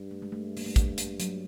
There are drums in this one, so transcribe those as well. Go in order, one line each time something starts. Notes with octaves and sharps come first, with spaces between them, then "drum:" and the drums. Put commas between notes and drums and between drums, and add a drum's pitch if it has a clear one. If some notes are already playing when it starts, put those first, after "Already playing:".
Already playing: G2
A3
G#3
A3
A#3, drum: open hi-hat
A3
G#3, drum: kick, hi-hat
G3, drum: hi-hat
F#3, drum: hi-hat